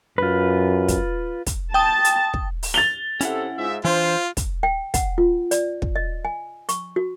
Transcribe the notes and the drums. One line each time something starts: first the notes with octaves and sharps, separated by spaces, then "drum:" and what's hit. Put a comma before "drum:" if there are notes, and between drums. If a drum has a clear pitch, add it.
F#2 F4 B4
drum: kick, hi-hat
drum: kick, hi-hat
G5 A5 D#6
drum: hi-hat
drum: kick
drum: open hi-hat
A6 F7 G7
C3 C#4 E4 A4 F#5, drum: hi-hat
G#2 F4 E5
E3 D4 F4 C5
drum: kick, hi-hat
G5
F#5, drum: kick, hi-hat
F4
D5, drum: hi-hat
drum: kick
D#5
G#5
C#6, drum: hi-hat
F#4